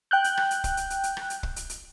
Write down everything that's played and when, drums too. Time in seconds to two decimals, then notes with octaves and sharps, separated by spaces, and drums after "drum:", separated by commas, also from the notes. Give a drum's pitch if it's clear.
0.11 G5 F#6 G6
0.24 drum: hi-hat
0.37 drum: rim click
0.51 drum: hi-hat
0.64 drum: kick, hi-hat
0.77 drum: hi-hat
0.90 drum: hi-hat
1.03 drum: hi-hat
1.17 drum: rim click
1.30 drum: hi-hat
1.43 drum: kick
1.56 drum: hi-hat
1.70 drum: hi-hat